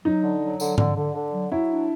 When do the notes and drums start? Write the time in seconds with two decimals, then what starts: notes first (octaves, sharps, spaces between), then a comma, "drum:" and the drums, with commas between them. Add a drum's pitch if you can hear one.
0.04 F#3 D#4
0.23 D3
0.41 F#3
0.60 D3, drum: tambourine
0.78 D3, drum: tom G#2
0.96 D3
1.14 D3
1.33 F#3
1.52 F#3 E4
1.69 D4